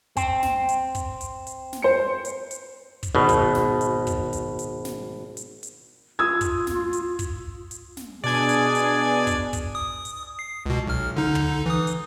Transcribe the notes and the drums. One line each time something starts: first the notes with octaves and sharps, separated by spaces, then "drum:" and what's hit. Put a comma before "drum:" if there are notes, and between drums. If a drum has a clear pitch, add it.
C4, drum: kick, hi-hat
drum: snare
drum: hi-hat
drum: kick, hi-hat
drum: hi-hat
drum: hi-hat
drum: snare
C5 C#7
drum: hi-hat
drum: hi-hat
drum: kick, hi-hat
G#1 B2
drum: kick, hi-hat
drum: snare
drum: hi-hat
drum: kick, hi-hat
drum: hi-hat
drum: hi-hat
drum: snare
drum: hi-hat
drum: hi-hat
F4 D#6 E6 G#6
drum: kick, hi-hat
drum: snare
drum: hi-hat
drum: kick, hi-hat
drum: hi-hat
drum: snare
B2 D4 G#4 D5 G#5 G#6
drum: hi-hat
drum: hi-hat
drum: kick, hi-hat
drum: kick, hi-hat
D#6
drum: hi-hat
C7
C#2 B2
B1 F6
D3 D#4
drum: tom
E3 D#6
drum: hi-hat